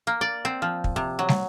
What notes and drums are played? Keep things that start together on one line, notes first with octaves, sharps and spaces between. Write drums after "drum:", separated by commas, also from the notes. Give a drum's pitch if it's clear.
A#3
D5
C4
F3
drum: kick
C3
F#3
drum: snare